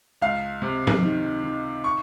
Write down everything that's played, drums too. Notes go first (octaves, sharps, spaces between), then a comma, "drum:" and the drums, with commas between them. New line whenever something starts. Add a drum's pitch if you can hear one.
C#2 F5
C3
drum: tom G2
D#3
D#3
C#6